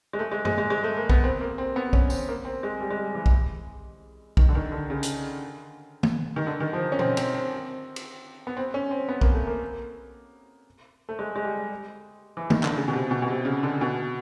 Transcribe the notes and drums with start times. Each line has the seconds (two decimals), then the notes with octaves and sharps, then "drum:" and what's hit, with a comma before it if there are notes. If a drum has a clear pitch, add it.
0.13 G#3
0.19 A3
0.32 G#3
0.45 G#3, drum: tom G2
0.58 G#3
0.70 G#3
0.84 A3
0.97 A#3
1.10 B3, drum: kick B1
1.24 C4
1.41 A#3
1.58 C4
1.76 B3
1.93 C#4, drum: kick B1
2.10 C4, drum: tambourine
2.29 A#3
2.45 C4
2.63 G#3
2.81 G3
2.90 G#3
2.98 G3
3.15 E3
3.26 drum: kick B1
4.37 D#3, drum: kick B1
4.49 D3
4.55 D#3
4.72 D3
4.90 C#3
5.03 drum: hi-hat
6.03 drum: tom
6.36 D#3
6.47 D3
6.60 D#3
6.73 F3
6.92 C#4
6.99 C4, drum: tom
7.17 C4, drum: cymbal
7.34 C4
7.96 drum: cymbal
8.47 B3
8.57 C4
8.74 C#4
8.91 C4
9.09 B3
9.21 A#3, drum: kick B1
9.34 A3
9.47 A#3
11.09 A3
11.19 G#3
11.36 G#3
11.45 G3
12.37 E3
12.50 D#3, drum: tom
12.63 D3, drum: clap
12.76 C#3
12.88 B2
12.93 C3
13.11 B2
13.22 B2
13.28 C3
13.45 C#3
13.63 D3
13.81 B2